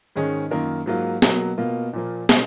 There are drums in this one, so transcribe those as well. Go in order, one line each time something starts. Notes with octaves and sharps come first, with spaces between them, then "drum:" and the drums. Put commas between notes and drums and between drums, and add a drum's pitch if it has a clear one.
G#2 D#3 G#3 C#4 G#4
F#2 D#3 A#3 F4 A#4
G#2 F#3 A#3 F4
B2 F#3 A#3, drum: snare
B2 A#3 F4
A#2 F3 A#3
B2 G#3 C#4, drum: snare